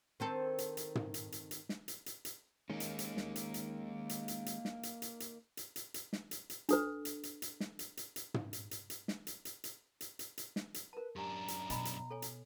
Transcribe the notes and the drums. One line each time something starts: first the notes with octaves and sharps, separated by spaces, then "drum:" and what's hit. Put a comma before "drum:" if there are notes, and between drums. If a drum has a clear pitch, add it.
D#3 C4 A4
drum: hi-hat
drum: hi-hat
drum: tom
drum: hi-hat
drum: hi-hat
drum: hi-hat
drum: snare
drum: hi-hat
drum: hi-hat
drum: hi-hat
D#3 G#3 A#3 C#4 D#4
drum: hi-hat
drum: hi-hat
drum: snare
drum: hi-hat
drum: hi-hat
drum: hi-hat
drum: hi-hat
drum: hi-hat
drum: snare
drum: hi-hat
drum: hi-hat
drum: hi-hat
drum: hi-hat
drum: hi-hat
drum: hi-hat
drum: snare
drum: hi-hat
drum: hi-hat
D4 A4 B4, drum: hi-hat
drum: hi-hat
drum: hi-hat
drum: hi-hat
drum: snare
drum: hi-hat
drum: hi-hat
drum: hi-hat
drum: tom
drum: hi-hat
drum: hi-hat
drum: hi-hat
drum: snare
drum: hi-hat
drum: hi-hat
drum: hi-hat
drum: hi-hat
drum: hi-hat
drum: hi-hat
drum: snare
drum: hi-hat
A#4 B4 A5
F#2 D4 G4 G#5 A#5
drum: hi-hat
B2 D#5 G#5 B5, drum: hi-hat
drum: hi-hat
A4 C#5 G#5
drum: hi-hat